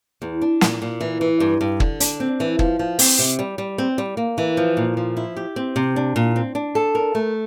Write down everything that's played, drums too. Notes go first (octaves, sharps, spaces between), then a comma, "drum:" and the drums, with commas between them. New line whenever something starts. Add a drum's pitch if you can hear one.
E2
D4
A#2, drum: snare
A#2
E3
E3
G2
G2
D3, drum: kick
D4, drum: hi-hat
C4
E3
F3, drum: kick
F3
C4, drum: open hi-hat
C3
G3
G3
C4
G3
A#3
E3
F3
A#2
F3
E4
G4
C4
C3
D4
A#2
C4
D4
A4
A#4
A3